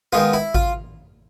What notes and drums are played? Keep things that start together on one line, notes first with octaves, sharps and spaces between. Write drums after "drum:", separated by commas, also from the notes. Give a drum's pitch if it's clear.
D#3 G#3 B3 F4
E4
F4, drum: kick G#1